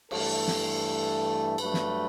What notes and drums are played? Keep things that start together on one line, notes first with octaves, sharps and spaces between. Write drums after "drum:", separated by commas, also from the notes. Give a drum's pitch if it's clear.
G2 E3 A3 A4, drum: cymbal
drum: snare
G2 F#3 A3 B4, drum: cymbal
drum: snare